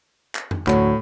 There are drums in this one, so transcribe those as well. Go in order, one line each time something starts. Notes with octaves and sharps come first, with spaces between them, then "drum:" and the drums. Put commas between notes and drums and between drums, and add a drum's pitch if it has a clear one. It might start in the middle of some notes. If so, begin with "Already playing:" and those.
drum: clap
drum: tom F2
D2 A2 F#3, drum: clap